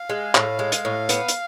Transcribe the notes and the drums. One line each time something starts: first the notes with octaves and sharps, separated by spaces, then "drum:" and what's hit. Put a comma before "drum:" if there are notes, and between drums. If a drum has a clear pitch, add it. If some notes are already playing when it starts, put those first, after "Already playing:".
Already playing: F5
G#3
A2, drum: clap
G#3
drum: hi-hat
A2
B3, drum: hi-hat
drum: hi-hat